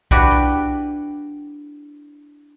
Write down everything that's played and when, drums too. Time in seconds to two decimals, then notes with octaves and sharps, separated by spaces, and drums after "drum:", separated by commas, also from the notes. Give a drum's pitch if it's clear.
0.11 D4 E4 F#4 G4 B4 D5, drum: kick B1
0.31 drum: hi-hat